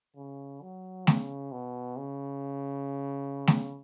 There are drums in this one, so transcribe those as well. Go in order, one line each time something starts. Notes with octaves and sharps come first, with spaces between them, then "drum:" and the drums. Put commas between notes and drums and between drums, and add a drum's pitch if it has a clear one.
C#3
F#3
C#3, drum: snare A3
B2
C#3
drum: snare A3